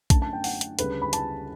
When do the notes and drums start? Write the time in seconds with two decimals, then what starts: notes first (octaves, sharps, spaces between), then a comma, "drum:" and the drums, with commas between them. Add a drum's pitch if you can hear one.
0.10 F#2 D3 A3 A5, drum: kick B1, hi-hat
0.22 A5
0.33 G5
0.44 F#5, drum: open hi-hat
0.61 drum: hi-hat
0.79 D2 C#3 G3 B4, drum: hi-hat
1.02 B5
1.13 A5, drum: hi-hat